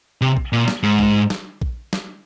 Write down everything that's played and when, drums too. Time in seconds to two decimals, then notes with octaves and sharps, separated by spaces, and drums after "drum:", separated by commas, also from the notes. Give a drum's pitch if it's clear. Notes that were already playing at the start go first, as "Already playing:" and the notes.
0.21 C3
0.36 drum: kick A#1
0.53 A#2
0.68 drum: snare
0.83 G#2
0.99 drum: kick A#1
1.30 drum: snare
1.61 drum: kick A#1
1.93 drum: snare